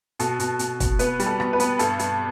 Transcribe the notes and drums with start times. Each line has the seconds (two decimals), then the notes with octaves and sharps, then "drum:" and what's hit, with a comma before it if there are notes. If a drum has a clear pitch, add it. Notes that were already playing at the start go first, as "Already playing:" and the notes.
0.19 B2 A4, drum: hi-hat
0.39 B2, drum: hi-hat
0.59 B2, drum: hi-hat
0.80 B2, drum: kick, hi-hat
0.99 B3 B4, drum: hi-hat
1.20 G3, drum: hi-hat
1.26 A4
1.40 B3, drum: rim click
1.53 B4
1.60 B3, drum: hi-hat
1.79 G2 A4, drum: hi-hat
1.99 G2, drum: hi-hat